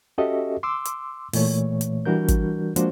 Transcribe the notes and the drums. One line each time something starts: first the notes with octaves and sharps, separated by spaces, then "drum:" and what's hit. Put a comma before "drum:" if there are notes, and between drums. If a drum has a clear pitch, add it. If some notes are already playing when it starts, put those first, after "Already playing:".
C#4 F#4 G4 A4 D#5 E5
C6 D6 E6
drum: hi-hat
A#2 E3 A3 C#5, drum: open hi-hat
drum: hi-hat
E3 G3 D4 F#4 A#4 G6
drum: kick, hi-hat
F3 G#3 A#3 D4 F#4 C5, drum: hi-hat